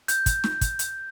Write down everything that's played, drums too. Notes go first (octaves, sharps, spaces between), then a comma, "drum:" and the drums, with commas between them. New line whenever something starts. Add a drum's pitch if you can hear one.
G6, drum: hi-hat
drum: kick, hi-hat
drum: snare
drum: kick, hi-hat
drum: hi-hat